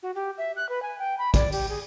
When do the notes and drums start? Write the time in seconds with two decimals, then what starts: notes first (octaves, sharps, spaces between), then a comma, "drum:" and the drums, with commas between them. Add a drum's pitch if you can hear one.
0.03 F#4
0.15 G4
0.38 E5
0.56 F#6
0.69 B4
0.82 G#5
0.99 G5
1.18 B5
1.34 D5, drum: kick, hi-hat
1.52 G4, drum: open hi-hat
1.69 G#4